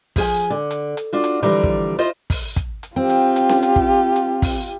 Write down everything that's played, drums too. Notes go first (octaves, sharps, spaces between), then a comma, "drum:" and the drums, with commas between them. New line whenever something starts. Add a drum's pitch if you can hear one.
F3 G#4 G#5, drum: kick, open hi-hat
D3
drum: hi-hat
drum: hi-hat
D4 F4 F#4
drum: hi-hat
D3 E3 F3 G3 C5 A#5
drum: kick
E4 F4 C5 D#5
drum: kick, open hi-hat
drum: kick, hi-hat
drum: hi-hat
C4 F4 G4
drum: hi-hat
drum: hi-hat
drum: snare C#4
drum: hi-hat
drum: kick
drum: hi-hat
drum: kick, open hi-hat